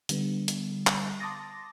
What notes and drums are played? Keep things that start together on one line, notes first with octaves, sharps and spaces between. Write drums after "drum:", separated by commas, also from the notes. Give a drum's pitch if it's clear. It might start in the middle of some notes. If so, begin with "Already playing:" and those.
D3 G3 B3, drum: hi-hat
drum: hi-hat
drum: clap
A5 C6 D6 D#6 A6 A#6